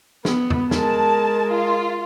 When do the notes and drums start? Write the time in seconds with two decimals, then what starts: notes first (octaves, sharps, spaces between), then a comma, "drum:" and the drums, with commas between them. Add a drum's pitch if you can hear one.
0.25 B3, drum: snare
0.50 drum: tom E2
0.71 G#3 A#4 A5, drum: snare
1.51 F4